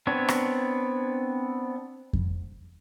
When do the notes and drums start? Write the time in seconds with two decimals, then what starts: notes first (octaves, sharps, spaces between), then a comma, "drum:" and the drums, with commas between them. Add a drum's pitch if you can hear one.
0.07 B3 C4 D4 C#5
0.29 drum: rim click
2.13 drum: kick F2